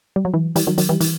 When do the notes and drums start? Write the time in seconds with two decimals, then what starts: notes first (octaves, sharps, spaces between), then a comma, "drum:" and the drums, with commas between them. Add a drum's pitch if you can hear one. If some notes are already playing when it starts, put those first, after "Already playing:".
0.16 G3
0.25 F#3
0.34 E3
0.56 E3 G3, drum: hi-hat
0.67 D#3 F#3
0.78 D#3 F#3, drum: hi-hat
0.89 E3 G3
1.00 E3, drum: hi-hat